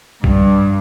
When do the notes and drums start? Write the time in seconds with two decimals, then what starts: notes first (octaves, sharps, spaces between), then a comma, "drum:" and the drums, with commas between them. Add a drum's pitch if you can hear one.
0.24 G2, drum: kick